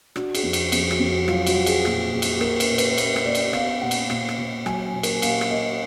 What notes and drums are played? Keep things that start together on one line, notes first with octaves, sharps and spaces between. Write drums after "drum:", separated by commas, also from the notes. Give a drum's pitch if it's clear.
D4 F#4, drum: rim click
G#4, drum: cymbal
F2
drum: cymbal
F2 G#4, drum: cymbal
F#4, drum: rim click
F2
F#4
F#3 F4, drum: rim click
F#4, drum: cymbal
F#3
G#4, drum: cymbal
A#2 F#4, drum: rim click
A#2 G#4
drum: cymbal
G#4
A#3 A#4, drum: rim click
B4, drum: cymbal
A#2
B4, drum: cymbal
A#4
A#2 B4, drum: cymbal
drum: rim click
A#2 D5
drum: cymbal
B3 F5, drum: rim click
A#2 F#5
drum: cymbal
A#2, drum: rim click
drum: rim click
A#2
F#3 G#5, drum: rim click
A#2
A#4, drum: cymbal
A#2 F5, drum: cymbal
drum: rim click
A#3 D#5